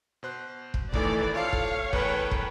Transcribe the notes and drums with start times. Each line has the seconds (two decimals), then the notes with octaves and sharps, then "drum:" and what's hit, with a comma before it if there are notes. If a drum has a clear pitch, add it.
0.23 B2 C5 F#6
0.74 drum: kick
0.94 E2 A2 D#3 E3 A3 D5, drum: kick
1.36 F4 A4 C5 C#5 F5
1.53 drum: kick
1.93 E2 A3 A#4 B4 G5, drum: kick
2.31 drum: kick